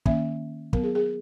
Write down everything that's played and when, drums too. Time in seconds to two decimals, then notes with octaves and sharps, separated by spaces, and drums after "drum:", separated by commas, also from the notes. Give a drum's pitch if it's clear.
0.06 D#3 A#3 C#4 E5, drum: kick
0.73 F#3 B3 A#4, drum: kick
0.83 G#4
0.95 G#4